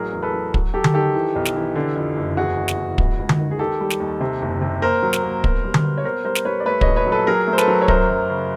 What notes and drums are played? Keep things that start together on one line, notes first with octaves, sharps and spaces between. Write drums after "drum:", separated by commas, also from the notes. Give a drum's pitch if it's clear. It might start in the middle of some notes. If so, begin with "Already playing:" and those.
Already playing: A1 F#3 G#4 A#4
E2
A4 B4
F#3
F#3, drum: kick
F#3 G4 A4
drum: tom D3
D#3 G4 A4
E3
B1
drum: snare
E3
D3
F2
F#1
E2 F#4 G#4
F#1
drum: snare
F#1
C#2, drum: kick
C#2
drum: tom D3
D#3
G#4
D#3 G4 A4
G3
drum: snare
D#2
C3
F#1
C3
A#3 A#4 C5
F#3
drum: snare
A#3
B2, drum: kick
G3
drum: tom D3
B3
C#5
B3 A#4 C5
G3 A#4 C5
drum: snare
G3 B4 C#5
D5
A3 B4 C#5
C#5 D#5, drum: kick
A#1
B4 C#5
F#3
A4 B4
F#3 G#4 A#4
A3
C5
A4 B4, drum: snare
F#3
C#5
F#2 A#4 C5, drum: kick
F#2
C#3